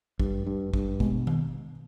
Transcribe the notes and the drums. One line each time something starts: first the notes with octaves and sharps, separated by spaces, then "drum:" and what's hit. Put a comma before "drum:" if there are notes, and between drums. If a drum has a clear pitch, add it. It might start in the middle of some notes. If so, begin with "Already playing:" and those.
G2, drum: kick A1
G2
G2, drum: kick A1
B2 G#3, drum: kick A1
drum: tom D#3